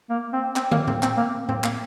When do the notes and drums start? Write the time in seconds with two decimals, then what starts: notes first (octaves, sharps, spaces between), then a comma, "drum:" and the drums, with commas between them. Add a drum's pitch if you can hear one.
0.10 A#3
0.33 C4
0.56 C4, drum: clap
0.71 A#3, drum: tom
0.87 C4, drum: tom A2
1.03 C4, drum: clap
1.17 A#3
1.49 C4, drum: tom A2
1.64 A#3, drum: clap